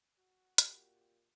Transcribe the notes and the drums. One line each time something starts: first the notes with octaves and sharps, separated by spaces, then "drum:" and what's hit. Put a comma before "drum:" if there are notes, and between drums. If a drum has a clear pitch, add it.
F#4
A#2 G4, drum: hi-hat